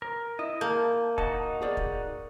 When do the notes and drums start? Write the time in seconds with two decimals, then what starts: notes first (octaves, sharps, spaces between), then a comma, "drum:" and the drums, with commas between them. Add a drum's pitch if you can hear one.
0.02 A#4
0.39 E4 D#5
0.61 A#3 A5 G6
1.18 D#4 F#4 D#5 A5, drum: kick
1.62 G#4 D5
1.77 drum: kick